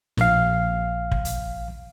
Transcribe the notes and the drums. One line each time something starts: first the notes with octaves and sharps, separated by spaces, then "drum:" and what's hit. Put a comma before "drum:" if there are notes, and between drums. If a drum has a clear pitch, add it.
A#1 F5, drum: snare
drum: kick
drum: hi-hat